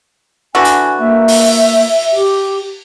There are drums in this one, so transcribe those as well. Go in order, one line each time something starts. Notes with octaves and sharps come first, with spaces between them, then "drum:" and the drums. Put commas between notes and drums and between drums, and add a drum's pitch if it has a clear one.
D3 E3 F#4 G#5
drum: hi-hat
A#3 E5
drum: open hi-hat
G4